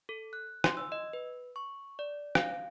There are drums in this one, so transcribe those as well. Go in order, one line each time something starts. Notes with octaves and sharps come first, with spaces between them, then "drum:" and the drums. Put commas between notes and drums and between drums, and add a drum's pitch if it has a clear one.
A4
F#6
C6, drum: rim click
E6
D#5
B4
C#6
D5
F5, drum: rim click